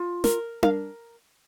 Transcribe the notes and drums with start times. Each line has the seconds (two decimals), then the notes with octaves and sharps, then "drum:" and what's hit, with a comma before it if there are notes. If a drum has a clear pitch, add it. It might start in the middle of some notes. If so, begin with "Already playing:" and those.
Already playing: F4
0.24 A#4, drum: snare
0.63 A#4 F5, drum: tom D4